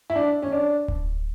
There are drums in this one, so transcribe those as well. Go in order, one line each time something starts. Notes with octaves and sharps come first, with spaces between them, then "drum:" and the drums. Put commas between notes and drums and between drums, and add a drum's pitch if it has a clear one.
E4
D4
C#4
D4
drum: kick D1